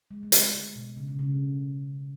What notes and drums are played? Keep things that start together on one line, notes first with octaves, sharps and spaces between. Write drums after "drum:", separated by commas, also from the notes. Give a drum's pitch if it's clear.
G#3
A3
G#3, drum: hi-hat
D3
B2
C#3
D3
C#3